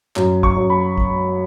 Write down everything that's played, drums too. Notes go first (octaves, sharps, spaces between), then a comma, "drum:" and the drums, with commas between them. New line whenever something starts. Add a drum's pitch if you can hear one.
F#2, drum: clap
C#6, drum: kick
F#2
B5
drum: kick